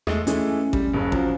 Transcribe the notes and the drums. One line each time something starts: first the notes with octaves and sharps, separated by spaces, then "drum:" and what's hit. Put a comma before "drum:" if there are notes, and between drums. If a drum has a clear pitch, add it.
E2 G#3 A3, drum: rim click
E3 G#3 A3 C#4, drum: hi-hat
G3, drum: kick A1
F#1 C#3
F3 F#3, drum: kick A1